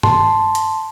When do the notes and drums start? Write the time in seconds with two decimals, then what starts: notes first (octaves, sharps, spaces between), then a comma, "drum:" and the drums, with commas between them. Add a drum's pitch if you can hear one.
0.03 A5 C6, drum: tom G2
0.55 drum: hi-hat